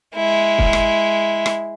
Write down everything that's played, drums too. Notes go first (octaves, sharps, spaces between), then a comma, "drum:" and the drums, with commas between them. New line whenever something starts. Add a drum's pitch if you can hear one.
G#3 E4
drum: kick
drum: rim click
drum: rim click